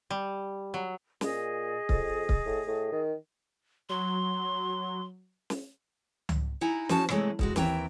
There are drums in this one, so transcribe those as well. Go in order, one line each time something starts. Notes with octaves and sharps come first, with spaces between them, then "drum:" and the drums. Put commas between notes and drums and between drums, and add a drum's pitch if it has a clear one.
G3
F#3
A#2 G#4 D#5, drum: snare
F2, drum: kick C#1
drum: kick C#1
A2
A2
D#3
F#3 C6
drum: snare
drum: tom C#2
D#4 E4 F#5 G#5 A#5
F3 C#4 F#4 C5 A5, drum: snare
C3 E3 F#3 G#3 A3, drum: rim click
F2 G#3 F#4, drum: kick C#1
D#2 E3 C4 E5 G5 A#5, drum: snare